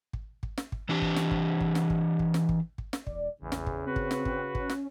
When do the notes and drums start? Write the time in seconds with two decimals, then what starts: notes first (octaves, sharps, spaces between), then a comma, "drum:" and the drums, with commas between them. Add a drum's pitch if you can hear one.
0.13 drum: kick
0.43 drum: kick
0.58 drum: snare
0.72 drum: kick
0.89 E3 D4 G4
1.02 drum: kick
1.16 drum: snare
1.31 drum: kick
1.61 drum: kick
1.75 drum: snare
1.90 drum: kick
2.19 drum: kick
2.34 drum: snare
2.49 drum: kick
2.78 drum: kick
2.93 drum: snare
3.07 E1 D5, drum: kick
3.42 A1 E2 C#3
3.52 drum: snare
3.67 drum: kick
3.86 C4 F#4 B4
3.96 drum: kick
4.11 drum: snare
4.25 drum: kick
4.55 C#4, drum: kick
4.70 drum: snare